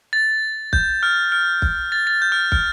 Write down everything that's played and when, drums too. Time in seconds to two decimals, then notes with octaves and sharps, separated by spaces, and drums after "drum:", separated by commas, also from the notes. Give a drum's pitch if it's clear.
0.13 A6
0.73 G6, drum: kick
1.03 F6
1.32 F6
1.62 drum: kick
1.92 A6
2.07 A6
2.22 G6
2.32 F6
2.52 F6, drum: kick